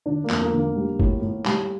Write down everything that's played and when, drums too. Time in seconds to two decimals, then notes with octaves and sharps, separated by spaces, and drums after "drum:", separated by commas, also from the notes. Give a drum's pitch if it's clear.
0.06 D3 D4
0.24 A#3
0.30 F2, drum: clap
0.41 A#3
0.53 D3
0.59 A#3
0.76 G3
1.00 A2, drum: kick
1.22 A2
1.45 G3, drum: clap